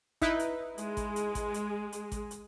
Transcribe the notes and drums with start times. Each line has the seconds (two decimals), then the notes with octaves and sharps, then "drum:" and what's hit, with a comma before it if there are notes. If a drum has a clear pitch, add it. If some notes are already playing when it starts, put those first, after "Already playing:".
0.21 D#4 E4 B4, drum: kick G#1, hi-hat
0.39 drum: hi-hat
0.78 G#3, drum: hi-hat
0.97 drum: kick G#1, hi-hat
1.16 drum: hi-hat
1.35 drum: kick G#1, hi-hat
1.54 drum: hi-hat
1.92 drum: hi-hat
2.12 drum: kick G#1, hi-hat
2.31 drum: hi-hat